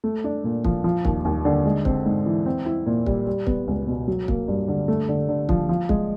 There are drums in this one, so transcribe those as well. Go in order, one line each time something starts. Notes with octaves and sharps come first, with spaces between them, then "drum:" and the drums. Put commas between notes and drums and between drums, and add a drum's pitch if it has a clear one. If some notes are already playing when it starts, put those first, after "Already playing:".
A3
D4
A#2
F3, drum: kick
F3
D#2, drum: kick
D#2
D3
G#3
C4, drum: kick
G#2
E3
C4
E4
A#2
G3, drum: kick
G3
B3, drum: kick
C#2
B2
F#3
A#3, drum: kick
G2
D3
A3
D3
D3
F3, drum: kick
F3
G#3, drum: kick